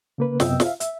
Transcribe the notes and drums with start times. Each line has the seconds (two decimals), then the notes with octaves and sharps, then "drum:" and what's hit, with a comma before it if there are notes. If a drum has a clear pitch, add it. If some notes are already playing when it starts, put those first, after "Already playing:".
0.18 C#3 A#3 B4
0.40 F#2 C3 B3 D#5 G5 E6, drum: snare
0.60 E5 F5, drum: snare
0.80 E5, drum: hi-hat